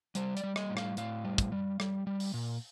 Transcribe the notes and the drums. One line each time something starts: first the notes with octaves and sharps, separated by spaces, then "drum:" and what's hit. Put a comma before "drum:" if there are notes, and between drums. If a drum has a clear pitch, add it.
G3 C5, drum: hi-hat
D5, drum: hi-hat
G3
D#5, drum: rim click
A2
F5, drum: rim click
A2 F5, drum: hi-hat
G3
drum: kick, hi-hat
G3
G3, drum: rim click
G3
drum: open hi-hat
A#2